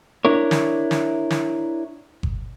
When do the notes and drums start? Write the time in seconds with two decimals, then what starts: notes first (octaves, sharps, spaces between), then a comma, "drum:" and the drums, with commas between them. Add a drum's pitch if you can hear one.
0.25 D4 E4 A#4 C#5
0.51 drum: snare
0.91 drum: snare
1.30 drum: snare
2.23 drum: kick G1